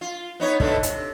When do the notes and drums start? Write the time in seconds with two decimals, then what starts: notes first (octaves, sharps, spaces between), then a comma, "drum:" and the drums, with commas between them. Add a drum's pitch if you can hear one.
0.01 F4
0.40 B3 D#4 C#5
0.60 B2 D3 A3, drum: kick
0.83 C3, drum: hi-hat